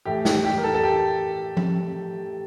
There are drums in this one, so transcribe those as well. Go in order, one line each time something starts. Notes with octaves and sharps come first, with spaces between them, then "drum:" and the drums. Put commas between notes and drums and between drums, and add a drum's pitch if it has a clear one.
A2 E3 A3 G4
G4, drum: snare
G4
A#4
A4
A4
G4
drum: tom F3